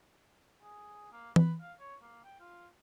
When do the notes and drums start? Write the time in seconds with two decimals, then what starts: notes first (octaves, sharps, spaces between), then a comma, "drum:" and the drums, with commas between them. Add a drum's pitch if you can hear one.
0.62 G#4
1.12 A#3
1.36 B4, drum: tom E3
1.61 F5
1.79 C#5
2.02 A#3
2.24 G5
2.40 F4